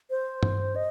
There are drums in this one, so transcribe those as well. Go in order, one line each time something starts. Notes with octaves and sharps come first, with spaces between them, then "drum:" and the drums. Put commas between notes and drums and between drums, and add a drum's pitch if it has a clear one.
C5
drum: tom G2
D#5